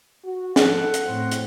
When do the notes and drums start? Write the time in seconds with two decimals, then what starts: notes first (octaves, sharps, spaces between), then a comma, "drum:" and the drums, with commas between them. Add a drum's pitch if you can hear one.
0.24 F#4
0.56 F3 A4 F#5, drum: snare
0.94 drum: hi-hat
1.06 A2 C4
1.32 drum: hi-hat